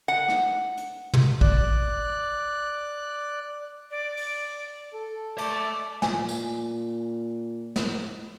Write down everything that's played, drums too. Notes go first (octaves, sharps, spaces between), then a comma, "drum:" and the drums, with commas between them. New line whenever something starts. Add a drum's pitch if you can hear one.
F#5
drum: rim click
drum: hi-hat
drum: tom
D5 F#6, drum: kick
D5
drum: open hi-hat
A4
D5 E5 A5, drum: cymbal
A#2 G#5, drum: snare
drum: tambourine
drum: snare